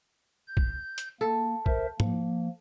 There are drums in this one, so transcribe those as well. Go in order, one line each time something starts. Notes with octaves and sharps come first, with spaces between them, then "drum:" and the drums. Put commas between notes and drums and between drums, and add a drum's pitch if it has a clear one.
G6
drum: kick
drum: hi-hat
A#3 A4
A#4 C5 E5, drum: kick
F3 A#3, drum: tom G#2